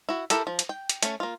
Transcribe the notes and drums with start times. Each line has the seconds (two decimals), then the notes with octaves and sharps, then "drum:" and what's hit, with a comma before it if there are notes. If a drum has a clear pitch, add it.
0.09 E4 F#4
0.30 E4 G4 A4 A#4, drum: hi-hat
0.47 F3
0.59 drum: hi-hat
0.69 G5
0.89 drum: hi-hat
1.03 A3 C#4, drum: hi-hat
1.20 A#3 F4